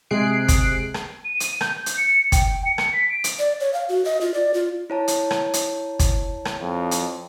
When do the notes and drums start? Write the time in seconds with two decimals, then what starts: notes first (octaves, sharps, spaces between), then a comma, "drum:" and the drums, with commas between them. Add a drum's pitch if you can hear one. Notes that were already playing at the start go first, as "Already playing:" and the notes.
0.11 C3 G#3 G#4 F#6 C7 D7
0.48 drum: kick, hi-hat
0.94 drum: rim click
1.24 D#7
1.40 drum: hi-hat
1.61 G6, drum: rim click
1.86 drum: hi-hat
1.97 C#7
2.32 G5, drum: kick, hi-hat
2.65 C#7
2.78 drum: rim click
2.92 B6
3.09 D7
3.24 drum: hi-hat
3.39 D5
3.60 C#5
3.73 F5
3.89 F#4
4.05 D#5
4.21 F4
4.34 D5
4.54 F4
4.90 E4 C#5 A5
5.08 drum: hi-hat
5.31 drum: rim click
5.54 drum: hi-hat
5.99 drum: kick, hi-hat
6.45 drum: rim click
6.61 F2
6.91 drum: hi-hat